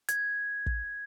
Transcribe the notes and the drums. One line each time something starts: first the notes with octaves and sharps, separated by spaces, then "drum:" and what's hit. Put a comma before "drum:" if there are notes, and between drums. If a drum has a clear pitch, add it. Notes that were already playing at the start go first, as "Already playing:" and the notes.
G#6, drum: hi-hat
drum: kick